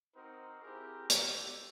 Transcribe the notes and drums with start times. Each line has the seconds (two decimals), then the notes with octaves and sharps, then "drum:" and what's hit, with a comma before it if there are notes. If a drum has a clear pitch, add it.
0.15 C4 D#4 F#4 A#4 C5
0.62 C4 E4 G4 G#4 A#4
1.10 A#3 D4 F#4 G4 A4, drum: hi-hat